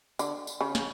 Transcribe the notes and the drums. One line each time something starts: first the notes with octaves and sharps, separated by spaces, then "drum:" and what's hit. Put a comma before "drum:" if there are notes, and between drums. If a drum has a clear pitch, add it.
D3, drum: tambourine
drum: tambourine
C#3
drum: snare